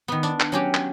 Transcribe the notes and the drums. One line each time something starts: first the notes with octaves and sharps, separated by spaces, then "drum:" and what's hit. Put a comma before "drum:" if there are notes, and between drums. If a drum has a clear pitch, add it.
D#3 B3
D4, drum: tambourine
drum: clap
F#3 C#4 G4
drum: clap